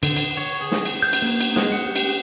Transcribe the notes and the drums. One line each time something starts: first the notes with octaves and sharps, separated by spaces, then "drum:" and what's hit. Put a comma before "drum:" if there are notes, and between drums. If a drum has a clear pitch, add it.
D3, drum: cymbal
drum: cymbal
C#5
G#4
drum: snare
drum: cymbal
G6
drum: cymbal
A#3
drum: cymbal
G#3, drum: snare
F#5
G4
drum: cymbal